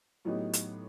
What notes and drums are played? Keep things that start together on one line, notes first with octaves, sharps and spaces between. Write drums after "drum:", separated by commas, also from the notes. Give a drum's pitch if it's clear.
A2 F#3 B3 D#4 G4
drum: hi-hat